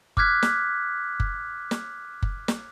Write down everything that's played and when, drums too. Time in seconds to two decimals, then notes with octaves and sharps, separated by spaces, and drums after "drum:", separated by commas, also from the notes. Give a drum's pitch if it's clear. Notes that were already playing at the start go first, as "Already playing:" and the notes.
0.17 D6 F6 F#6 G#6 B6, drum: kick F#1
0.43 drum: snare
1.20 drum: kick F#1
1.71 drum: snare
2.22 drum: kick F#1
2.48 drum: snare